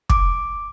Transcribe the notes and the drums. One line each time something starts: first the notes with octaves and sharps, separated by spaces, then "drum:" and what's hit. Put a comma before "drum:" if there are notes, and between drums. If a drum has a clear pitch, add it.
D6, drum: kick